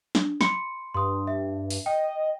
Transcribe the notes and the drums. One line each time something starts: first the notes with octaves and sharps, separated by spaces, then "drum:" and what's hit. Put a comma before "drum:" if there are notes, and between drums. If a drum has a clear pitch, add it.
D4, drum: snare
B5 C6 C#7, drum: snare
G2 C6 D#6
E5
drum: open hi-hat
D#5 G5